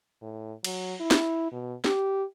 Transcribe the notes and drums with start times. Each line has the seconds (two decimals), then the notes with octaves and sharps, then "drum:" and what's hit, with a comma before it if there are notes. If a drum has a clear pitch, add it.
0.22 A2
0.64 F#3, drum: cymbal
1.00 E4
1.11 drum: snare
1.52 B2
1.84 G4, drum: snare